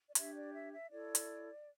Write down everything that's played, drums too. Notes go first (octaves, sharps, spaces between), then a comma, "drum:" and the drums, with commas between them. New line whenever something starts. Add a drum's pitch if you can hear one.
D5
D4 G4 C#5 E5, drum: hi-hat
D5
E5
E5
E4 A4 C#5 D5
drum: hi-hat